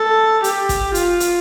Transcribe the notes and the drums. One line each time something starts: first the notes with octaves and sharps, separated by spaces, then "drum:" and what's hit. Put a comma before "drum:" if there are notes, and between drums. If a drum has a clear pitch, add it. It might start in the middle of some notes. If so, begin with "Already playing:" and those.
Already playing: A4
G4, drum: hi-hat
drum: kick, hi-hat
F4, drum: hi-hat
drum: hi-hat